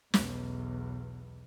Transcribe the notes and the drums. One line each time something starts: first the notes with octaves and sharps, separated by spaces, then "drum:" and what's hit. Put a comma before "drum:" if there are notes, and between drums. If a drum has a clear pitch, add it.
B1 E2, drum: snare